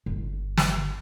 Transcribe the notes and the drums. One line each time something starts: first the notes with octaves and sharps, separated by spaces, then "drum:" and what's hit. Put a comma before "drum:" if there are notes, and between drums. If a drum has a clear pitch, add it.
G1
drum: snare